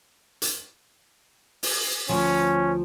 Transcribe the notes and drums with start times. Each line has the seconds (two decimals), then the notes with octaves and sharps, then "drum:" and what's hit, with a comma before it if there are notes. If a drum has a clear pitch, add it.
0.42 drum: hi-hat
1.63 drum: open hi-hat
2.09 D2 F3 C#4